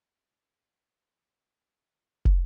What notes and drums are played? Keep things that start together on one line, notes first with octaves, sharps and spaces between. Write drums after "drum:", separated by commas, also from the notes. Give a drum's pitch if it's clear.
F#5 E6
E6
F4 A4
G5 D#6
drum: kick